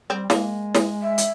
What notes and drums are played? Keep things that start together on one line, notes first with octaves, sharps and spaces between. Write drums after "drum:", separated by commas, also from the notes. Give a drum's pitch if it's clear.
G3 C4
G#3 A#3, drum: snare
drum: snare
E5
drum: hi-hat